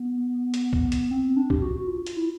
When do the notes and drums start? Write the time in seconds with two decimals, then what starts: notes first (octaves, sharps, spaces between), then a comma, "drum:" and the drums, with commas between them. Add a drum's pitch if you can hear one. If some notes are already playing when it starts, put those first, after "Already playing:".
Already playing: B3
0.54 drum: hi-hat
0.73 drum: kick
0.92 drum: hi-hat
1.11 C4
1.37 D4
1.50 G4, drum: kick
1.62 F#4
1.76 F#4
1.87 F4
2.06 drum: hi-hat
2.16 E4